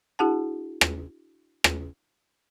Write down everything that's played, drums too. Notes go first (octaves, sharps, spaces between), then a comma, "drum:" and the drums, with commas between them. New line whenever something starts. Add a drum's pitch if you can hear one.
D4 E4 F#4 G#4 F#5 A5
drum: rim click
drum: rim click